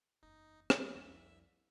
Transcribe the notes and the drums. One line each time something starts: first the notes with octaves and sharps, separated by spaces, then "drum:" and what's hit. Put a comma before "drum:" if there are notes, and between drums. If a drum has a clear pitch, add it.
F#1 E2 D#4
E5, drum: rim click
C2 F2